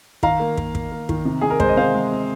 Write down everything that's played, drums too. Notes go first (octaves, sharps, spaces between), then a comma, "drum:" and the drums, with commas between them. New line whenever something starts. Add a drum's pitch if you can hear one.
D#3 F5 A#5, drum: kick
A#3
A#3, drum: kick
A#3, drum: kick
A#3
D#3, drum: kick
C3
C3 G#4
A#4
G#3 C5, drum: kick
D#5
C3 C5 F5
G#3
C4